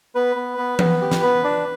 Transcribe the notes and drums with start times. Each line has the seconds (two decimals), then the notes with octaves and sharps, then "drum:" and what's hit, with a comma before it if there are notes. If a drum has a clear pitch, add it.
0.15 B3 B4
0.36 B3
0.58 B3
0.79 B3, drum: tom E3
1.01 G4
1.11 drum: snare
1.22 B3
1.44 D4